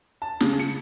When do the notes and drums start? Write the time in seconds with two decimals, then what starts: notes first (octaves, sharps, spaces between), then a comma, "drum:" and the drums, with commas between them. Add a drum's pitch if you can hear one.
0.22 A5
0.40 C#3, drum: snare
0.60 C#7